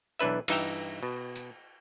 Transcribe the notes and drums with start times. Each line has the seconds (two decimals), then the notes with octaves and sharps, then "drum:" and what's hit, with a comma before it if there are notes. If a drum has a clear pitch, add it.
0.19 B1 E3 D4 B4 E5
0.48 G2 E3 D#4 E5 G5 A#5, drum: cymbal
1.03 B2
1.36 drum: tambourine